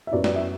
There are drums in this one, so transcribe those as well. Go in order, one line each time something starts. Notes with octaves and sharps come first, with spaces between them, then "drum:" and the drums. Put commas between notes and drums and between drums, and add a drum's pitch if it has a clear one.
E5
F#2 F#3 B3 E4 D5
D5, drum: snare
E5